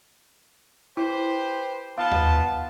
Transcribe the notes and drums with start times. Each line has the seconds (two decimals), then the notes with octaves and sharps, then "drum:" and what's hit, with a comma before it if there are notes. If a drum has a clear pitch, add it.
0.97 E4 G4 B4 C5
1.98 D#3 B3 F4 F5 F#5 A5
2.11 drum: tom D#2